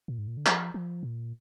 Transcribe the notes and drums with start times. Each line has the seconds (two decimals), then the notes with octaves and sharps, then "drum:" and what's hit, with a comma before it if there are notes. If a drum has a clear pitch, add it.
0.08 A#2
0.18 G#2
0.27 A#2
0.37 D3
0.46 F3, drum: clap
0.74 F3
1.03 A#2